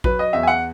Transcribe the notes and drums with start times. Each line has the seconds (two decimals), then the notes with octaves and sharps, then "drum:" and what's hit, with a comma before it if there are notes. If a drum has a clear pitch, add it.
0.04 F#3 B4, drum: kick A1
0.19 D#5
0.33 E2 E5
0.43 G#5
0.47 F#5